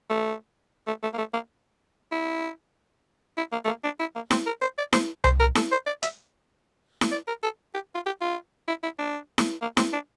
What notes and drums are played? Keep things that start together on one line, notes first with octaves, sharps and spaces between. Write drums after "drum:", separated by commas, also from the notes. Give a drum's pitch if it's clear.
A3
A3
A3
A#3
A3
A#3
E4
E4
A#3
A3
A#3
D4
E4
A#3
C4, drum: snare E4
A#4
C5
D5
C5, drum: snare E4
C5, drum: tom C2
A#4
A4, drum: snare E4
C5
D5
E5, drum: hi-hat
drum: snare E4
D5
A#4
A4
G4
F4
G4
F4
E4
E4
D4
drum: snare E4
A#3
C4, drum: snare E4
D4